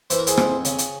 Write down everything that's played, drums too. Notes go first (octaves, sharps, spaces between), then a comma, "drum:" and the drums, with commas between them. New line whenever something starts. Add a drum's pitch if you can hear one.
E3 C5, drum: hi-hat
A#4
G#4 C5, drum: hi-hat
F2, drum: rim click
C#3, drum: hi-hat
drum: hi-hat